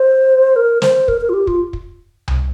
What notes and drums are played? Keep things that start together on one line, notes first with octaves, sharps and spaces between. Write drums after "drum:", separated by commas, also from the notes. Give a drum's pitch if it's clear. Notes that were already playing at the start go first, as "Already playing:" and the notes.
Already playing: C5
A#4
C5, drum: snare
A#4, drum: kick
A#4
F4
G4
F4, drum: kick
drum: kick
drum: tom C2